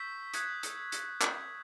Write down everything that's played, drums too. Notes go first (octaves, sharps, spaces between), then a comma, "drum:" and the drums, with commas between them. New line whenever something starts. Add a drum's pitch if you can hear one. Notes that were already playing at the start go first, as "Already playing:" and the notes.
Already playing: C#6 E6 G6 B6
D#6 F#6 G#6, drum: hi-hat
drum: hi-hat
drum: hi-hat
D#6 G6, drum: clap